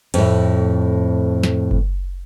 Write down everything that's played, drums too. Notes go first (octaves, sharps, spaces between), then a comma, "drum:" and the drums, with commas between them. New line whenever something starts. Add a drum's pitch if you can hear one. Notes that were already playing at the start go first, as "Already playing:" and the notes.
F2 A2, drum: cymbal
drum: snare
drum: kick F#1